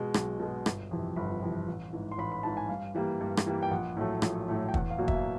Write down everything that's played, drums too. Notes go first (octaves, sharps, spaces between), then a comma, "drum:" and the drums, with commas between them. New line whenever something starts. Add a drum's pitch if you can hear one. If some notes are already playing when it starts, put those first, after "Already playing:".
Already playing: B2 G#3
B1, drum: rim click
B2 G#3
G1, drum: rim click
F2 C3 E3
G1 B5
F2 C3 E3
A1
G#2 E3
C6
A1 B5
B5
G#2 E3 A5
G#5
G2 F5
E3 G3 A#3
G2
drum: rim click
E3 G3 A#3
G5
A#1 F#5
A2 F#3 A3
A#1, drum: rim click
A2 F#3 A3
G5
E2 F#5, drum: kick
F5
B2 F#3 A#3
E5, drum: kick
F5